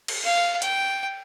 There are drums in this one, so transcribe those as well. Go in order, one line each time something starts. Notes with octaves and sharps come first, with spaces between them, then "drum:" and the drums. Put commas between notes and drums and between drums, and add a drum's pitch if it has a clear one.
drum: cymbal
F5
G5, drum: hi-hat